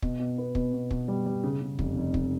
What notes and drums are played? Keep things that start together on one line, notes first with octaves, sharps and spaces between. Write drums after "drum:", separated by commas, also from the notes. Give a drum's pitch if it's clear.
B2, drum: kick
B2
B3
B2, drum: kick
B2
B2, drum: kick
G3
G3
C#3
C#3
F1, drum: kick
F1
F1, drum: kick